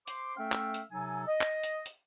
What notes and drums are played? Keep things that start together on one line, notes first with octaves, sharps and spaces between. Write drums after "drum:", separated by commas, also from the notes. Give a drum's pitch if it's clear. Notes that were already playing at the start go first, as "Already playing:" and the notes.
C5 C6 D6, drum: hi-hat
A3 C#4 A4 E5 F5 G5
drum: clap
drum: hi-hat
C3 F#3 D#4 A4 G#5
D#5
drum: clap
drum: hi-hat
drum: hi-hat